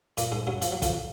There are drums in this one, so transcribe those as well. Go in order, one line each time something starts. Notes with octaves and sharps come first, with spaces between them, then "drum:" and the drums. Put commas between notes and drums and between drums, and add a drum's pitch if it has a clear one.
A#2 A#3, drum: hi-hat
G#2 G#3
F#2 F#3
F3, drum: hi-hat
F#3
F2 F3, drum: kick, hi-hat